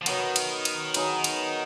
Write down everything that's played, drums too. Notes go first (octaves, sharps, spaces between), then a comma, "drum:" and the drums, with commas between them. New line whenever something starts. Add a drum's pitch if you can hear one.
F3
B2 D#3 F#3 B3, drum: cymbal
drum: cymbal
drum: cymbal
F#3 B3 D#4 G#4, drum: cymbal
drum: cymbal